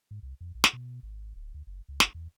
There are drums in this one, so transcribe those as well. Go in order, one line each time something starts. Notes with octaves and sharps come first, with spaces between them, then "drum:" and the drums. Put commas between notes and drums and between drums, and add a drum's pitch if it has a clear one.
G#2
C2
F2
A#1
drum: snare
B2
G#1
D1
D2
F#1
C#2
F#1, drum: snare
E2